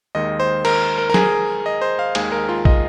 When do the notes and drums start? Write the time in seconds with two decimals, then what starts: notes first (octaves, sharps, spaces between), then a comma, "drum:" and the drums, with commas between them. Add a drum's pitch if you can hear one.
0.15 D#2 D#3 G#3 D#5
0.40 C5
0.65 A#4, drum: cymbal
0.98 A#4
1.10 A#4
1.14 G#4, drum: snare
1.66 D#5
1.81 C5
1.99 F5
2.15 D#2 D#3 G#3 G#4, drum: cymbal
2.32 A#4
2.49 F4
2.65 D#5, drum: kick